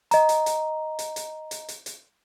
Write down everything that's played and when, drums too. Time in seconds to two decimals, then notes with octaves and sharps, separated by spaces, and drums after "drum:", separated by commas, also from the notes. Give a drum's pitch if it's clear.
0.11 D#5 A#5, drum: hi-hat
0.29 drum: hi-hat
0.46 drum: hi-hat
0.99 drum: hi-hat
1.16 drum: hi-hat
1.51 drum: hi-hat
1.68 drum: hi-hat
1.86 drum: hi-hat